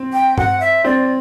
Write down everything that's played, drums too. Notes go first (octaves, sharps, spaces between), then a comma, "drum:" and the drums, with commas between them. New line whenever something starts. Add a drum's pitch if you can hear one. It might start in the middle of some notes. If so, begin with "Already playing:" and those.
Already playing: C4
G5
F#5, drum: tom G2
E5
C4 D5